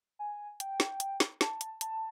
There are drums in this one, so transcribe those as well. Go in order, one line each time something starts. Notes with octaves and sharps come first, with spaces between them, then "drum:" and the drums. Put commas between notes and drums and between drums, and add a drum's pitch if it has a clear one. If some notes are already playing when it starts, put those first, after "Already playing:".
G#5
G5, drum: hi-hat
drum: snare
drum: hi-hat
drum: snare
A5, drum: snare
drum: hi-hat
A5, drum: hi-hat